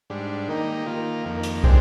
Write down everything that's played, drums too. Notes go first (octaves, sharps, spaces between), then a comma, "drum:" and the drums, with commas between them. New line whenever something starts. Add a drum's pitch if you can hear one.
G#2 G3 D4
D#3 A#3 D#4 G4
D#3 A#3 F4
F2 D#3 A#3
drum: hi-hat
D3 G#3 C4 G4, drum: kick